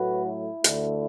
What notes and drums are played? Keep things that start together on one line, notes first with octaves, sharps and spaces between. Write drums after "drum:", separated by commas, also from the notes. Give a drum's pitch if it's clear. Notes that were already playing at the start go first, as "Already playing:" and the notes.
Already playing: A2 F#3 A3 F#4 B4
E4
D2 D3 A3, drum: hi-hat